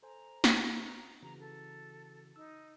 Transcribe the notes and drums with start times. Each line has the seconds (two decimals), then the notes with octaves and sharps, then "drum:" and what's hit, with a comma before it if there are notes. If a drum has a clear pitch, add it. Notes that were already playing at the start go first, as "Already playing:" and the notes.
0.03 A4 C5 G#5 A#5
0.44 drum: snare
1.23 C#3 E3 F#4 A#5
1.40 A4
2.36 D#4 E6